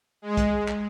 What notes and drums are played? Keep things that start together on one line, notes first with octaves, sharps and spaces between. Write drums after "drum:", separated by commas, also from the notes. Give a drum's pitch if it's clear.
G#3
drum: kick, hi-hat
drum: clap